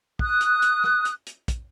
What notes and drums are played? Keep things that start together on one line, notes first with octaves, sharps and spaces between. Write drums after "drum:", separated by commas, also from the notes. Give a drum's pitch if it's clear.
D#6 F#6, drum: kick
drum: hi-hat
drum: hi-hat
drum: rim click
drum: hi-hat
drum: hi-hat
drum: kick, hi-hat